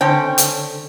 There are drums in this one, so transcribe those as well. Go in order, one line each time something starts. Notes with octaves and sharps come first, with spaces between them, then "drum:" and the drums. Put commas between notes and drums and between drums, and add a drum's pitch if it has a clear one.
D3 C4 C#4 A4 C5 G5 A5
drum: hi-hat